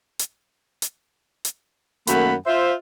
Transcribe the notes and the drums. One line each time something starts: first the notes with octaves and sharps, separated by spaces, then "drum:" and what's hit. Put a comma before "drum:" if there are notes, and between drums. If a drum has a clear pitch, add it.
drum: hi-hat
drum: hi-hat
drum: hi-hat
F#2 D#3 A3 A#3 F#5 B5, drum: hi-hat
F4 C5 E5